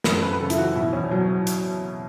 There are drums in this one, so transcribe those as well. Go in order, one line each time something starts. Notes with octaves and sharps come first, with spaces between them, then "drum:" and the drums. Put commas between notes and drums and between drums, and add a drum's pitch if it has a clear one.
F#2 B4, drum: snare
A4
F#2 B4
B4
C#3 A4
E4, drum: hi-hat
E3 F#4
B2 E4
E2 C#4
B2 F#3
drum: hi-hat